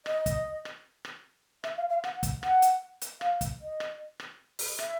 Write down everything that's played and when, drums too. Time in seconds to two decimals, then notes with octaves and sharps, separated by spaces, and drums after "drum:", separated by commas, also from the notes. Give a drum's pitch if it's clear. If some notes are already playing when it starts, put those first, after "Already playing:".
0.06 D#5, drum: rim click
0.26 drum: kick, hi-hat
0.65 drum: rim click
1.05 drum: rim click
1.64 E5, drum: rim click
1.77 F5
1.90 F5
2.04 F#5, drum: rim click
2.23 drum: kick, hi-hat
2.43 F#5, drum: rim click
2.62 drum: hi-hat
3.01 drum: hi-hat
3.21 F5, drum: rim click
3.41 drum: kick, hi-hat
3.61 D#5
3.80 drum: rim click
4.20 drum: rim click
4.59 drum: open hi-hat
4.79 E5, drum: rim click